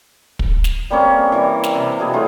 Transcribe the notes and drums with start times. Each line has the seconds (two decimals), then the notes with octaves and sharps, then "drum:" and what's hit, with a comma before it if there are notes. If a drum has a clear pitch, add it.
0.39 drum: kick
0.64 drum: snare
0.90 G3 A#3 C4 C#4
1.32 E3 G3
1.64 drum: snare
1.74 C3
1.98 B2 E4 G#4
2.13 F#3 A3 F4